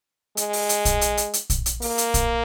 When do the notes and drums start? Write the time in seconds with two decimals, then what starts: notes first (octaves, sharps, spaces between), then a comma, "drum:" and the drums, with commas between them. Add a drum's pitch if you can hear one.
0.37 G#3, drum: hi-hat
0.53 drum: open hi-hat
0.69 drum: hi-hat
0.85 drum: kick A#1, hi-hat
1.01 drum: hi-hat
1.17 drum: hi-hat
1.34 drum: hi-hat
1.50 drum: kick A#1, hi-hat
1.66 drum: hi-hat
1.82 A#3, drum: open hi-hat
1.98 drum: hi-hat
2.14 drum: kick A#1, hi-hat